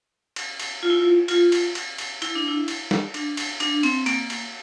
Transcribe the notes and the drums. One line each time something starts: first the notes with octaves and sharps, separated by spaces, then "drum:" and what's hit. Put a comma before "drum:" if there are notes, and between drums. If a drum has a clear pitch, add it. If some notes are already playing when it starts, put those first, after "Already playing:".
drum: cymbal
drum: cymbal
F4
E4
F4
F4, drum: cymbal
drum: cymbal
drum: cymbal
drum: cymbal
E4, drum: cymbal
D4
E4
drum: cymbal
drum: snare
D4, drum: cymbal
drum: cymbal
D4, drum: cymbal
C4, drum: cymbal
A#3, drum: cymbal
drum: cymbal